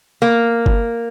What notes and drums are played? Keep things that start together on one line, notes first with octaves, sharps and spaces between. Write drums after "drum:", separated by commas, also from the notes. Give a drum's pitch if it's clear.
A#3
drum: kick G1